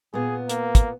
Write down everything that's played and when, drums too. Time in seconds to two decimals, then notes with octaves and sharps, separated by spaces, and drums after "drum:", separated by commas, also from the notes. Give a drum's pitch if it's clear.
0.14 A#2 B3 G#4
0.49 A#3, drum: hi-hat
0.75 drum: kick, hi-hat